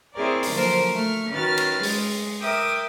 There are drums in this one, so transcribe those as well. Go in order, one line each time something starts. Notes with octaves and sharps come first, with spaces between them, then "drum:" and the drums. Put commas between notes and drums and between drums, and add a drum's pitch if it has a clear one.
C4 E4 G#4 A#4 C#5 D5
drum: open hi-hat
D3 F3 F#3 A#3 A#4 C5
A3 C#6 F6
D#3 C#4 F#4 B4 F6 A6
drum: cymbal
G#3 G#4, drum: open hi-hat
A#4 E5 G5 D6 D#6